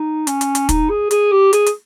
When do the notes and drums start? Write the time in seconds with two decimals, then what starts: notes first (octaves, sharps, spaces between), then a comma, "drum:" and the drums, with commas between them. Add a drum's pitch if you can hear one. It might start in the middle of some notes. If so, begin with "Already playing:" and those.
Already playing: D#4
0.27 C#4, drum: hi-hat
0.41 drum: hi-hat
0.55 drum: hi-hat
0.69 D#4, drum: kick, hi-hat
0.89 G#4
1.11 G#4, drum: hi-hat
1.32 G4
1.53 G#4, drum: hi-hat
1.66 drum: hi-hat